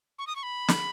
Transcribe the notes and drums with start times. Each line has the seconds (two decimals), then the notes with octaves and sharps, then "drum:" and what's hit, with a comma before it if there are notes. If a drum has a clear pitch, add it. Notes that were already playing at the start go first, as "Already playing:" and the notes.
0.19 C#6
0.27 D#6
0.36 C#6
0.43 B5
0.68 drum: snare